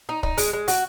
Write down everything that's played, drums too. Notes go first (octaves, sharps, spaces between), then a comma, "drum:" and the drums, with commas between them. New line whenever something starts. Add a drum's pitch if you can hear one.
D#4
D#4, drum: kick
G#3, drum: open hi-hat
G#3
F#4, drum: open hi-hat